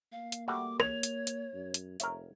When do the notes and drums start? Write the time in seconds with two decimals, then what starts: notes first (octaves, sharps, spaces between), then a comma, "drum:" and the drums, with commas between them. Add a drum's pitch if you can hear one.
0.12 A#3 F5
0.32 drum: hi-hat
0.48 G3 A3 F#4 D6
0.80 C#5 G#6 F7, drum: rim click
1.03 drum: hi-hat
1.27 drum: hi-hat
1.54 F#2
1.74 drum: hi-hat
2.00 F1 A#4 C#5 E5, drum: hi-hat